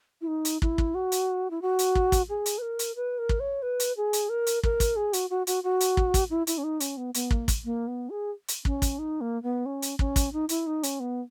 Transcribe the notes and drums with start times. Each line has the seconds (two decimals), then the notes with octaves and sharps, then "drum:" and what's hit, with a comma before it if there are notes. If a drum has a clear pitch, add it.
0.21 E4
0.27 D#4
0.45 drum: hi-hat
0.62 E4, drum: kick
0.78 drum: kick
0.95 F#4
1.12 drum: hi-hat
1.50 E4
1.62 F#4
1.79 drum: hi-hat
1.95 drum: kick
2.12 drum: kick, hi-hat
2.29 G#4
2.46 drum: hi-hat
2.58 B4
2.62 A#4
2.79 drum: hi-hat
2.96 B4
3.19 A#4
3.29 drum: kick
3.40 C#5
3.62 B4
3.80 drum: hi-hat
3.97 G#4
4.13 drum: hi-hat
4.29 A#4
4.47 drum: hi-hat
4.63 A#4, drum: kick
4.80 drum: kick, hi-hat
4.96 G#4
5.13 F#4, drum: hi-hat
5.30 F#4
5.47 F#4, drum: hi-hat
5.64 F#4
5.80 drum: hi-hat
5.97 drum: kick
6.14 drum: kick, hi-hat
6.30 E4
6.47 E4, drum: hi-hat
6.58 C#4
6.64 D#4
6.80 C#4, drum: hi-hat
6.97 B3
7.14 B3, drum: hi-hat
7.31 A#3, drum: kick
7.48 drum: kick, hi-hat
7.65 A#3
7.87 B3
8.10 G#4
8.48 drum: hi-hat
8.65 C#4, drum: kick
8.82 drum: kick, hi-hat
8.99 D#4
9.21 A#3
9.43 B3
9.66 C#4
9.82 drum: hi-hat
9.99 C#4, drum: kick
10.16 drum: kick, hi-hat
10.33 D#4
10.49 E4, drum: hi-hat
10.67 D#4
10.83 C#4, drum: hi-hat
11.00 B3